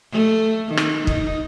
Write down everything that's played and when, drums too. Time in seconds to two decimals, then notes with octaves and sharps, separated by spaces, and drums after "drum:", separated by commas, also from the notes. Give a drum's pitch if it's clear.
0.11 A3
0.67 D#3
0.77 drum: rim click
1.07 D#4, drum: kick